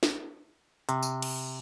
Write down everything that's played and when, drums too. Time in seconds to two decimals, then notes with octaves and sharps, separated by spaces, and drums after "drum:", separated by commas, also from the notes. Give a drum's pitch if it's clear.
0.03 drum: snare
0.89 C3, drum: hi-hat
1.03 drum: tambourine
1.22 drum: cymbal